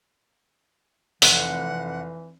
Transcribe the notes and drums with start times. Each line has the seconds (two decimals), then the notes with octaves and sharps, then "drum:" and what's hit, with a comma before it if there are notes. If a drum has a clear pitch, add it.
1.22 F1 E3 F#5, drum: open hi-hat